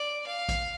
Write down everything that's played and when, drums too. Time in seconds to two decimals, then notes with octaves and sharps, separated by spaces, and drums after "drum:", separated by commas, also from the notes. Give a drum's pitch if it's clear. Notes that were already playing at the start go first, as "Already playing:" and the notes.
Already playing: D5
0.26 F5
0.49 drum: kick, hi-hat